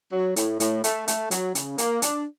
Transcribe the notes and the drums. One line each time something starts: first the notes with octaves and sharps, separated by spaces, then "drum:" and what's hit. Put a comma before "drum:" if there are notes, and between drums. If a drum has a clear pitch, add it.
F#3
A2, drum: hi-hat
A2, drum: hi-hat
A3, drum: hi-hat
A3, drum: hi-hat
F#3, drum: hi-hat
C#3, drum: hi-hat
A#3, drum: hi-hat
D4, drum: hi-hat